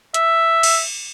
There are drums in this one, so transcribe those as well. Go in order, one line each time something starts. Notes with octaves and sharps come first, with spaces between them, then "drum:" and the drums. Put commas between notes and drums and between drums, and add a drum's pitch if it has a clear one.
E5, drum: hi-hat
drum: cymbal